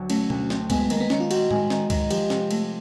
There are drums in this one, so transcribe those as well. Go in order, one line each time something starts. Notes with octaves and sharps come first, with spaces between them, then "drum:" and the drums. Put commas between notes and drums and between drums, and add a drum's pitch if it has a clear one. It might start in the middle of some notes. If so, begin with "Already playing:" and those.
Already playing: D2 D3 F#3
A3 C#4, drum: cymbal
D2, drum: tom B2
C4, drum: snare
G#3 B3, drum: kick, cymbal
D#3 A#3, drum: cymbal
B3
D#3 C#4, drum: snare
F4
C4 F#4, drum: cymbal
G#3, drum: tom A2
D#3, drum: snare
D#3, drum: kick, cymbal
F3 G4, drum: cymbal
C3, drum: snare
A3, drum: cymbal